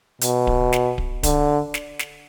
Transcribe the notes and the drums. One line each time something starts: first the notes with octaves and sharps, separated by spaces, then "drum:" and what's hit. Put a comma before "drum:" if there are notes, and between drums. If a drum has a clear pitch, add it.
B2, drum: hi-hat
drum: kick D1
drum: snare
drum: kick D1
D3, drum: kick D1, hi-hat
drum: snare
drum: snare